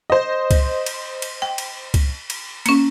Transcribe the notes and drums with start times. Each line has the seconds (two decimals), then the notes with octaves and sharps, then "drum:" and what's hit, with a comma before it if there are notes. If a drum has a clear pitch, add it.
0.10 C5 D#5
0.51 drum: kick C#2, cymbal
0.86 drum: cymbal
1.22 drum: cymbal
1.42 G5
1.58 drum: cymbal
1.94 drum: kick C#2, cymbal
2.30 drum: cymbal
2.66 A#3 C#4, drum: cymbal